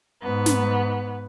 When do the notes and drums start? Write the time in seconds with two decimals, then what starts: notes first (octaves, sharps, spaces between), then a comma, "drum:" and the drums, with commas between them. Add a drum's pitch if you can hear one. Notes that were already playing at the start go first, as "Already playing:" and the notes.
0.22 G#2 B3
0.46 drum: snare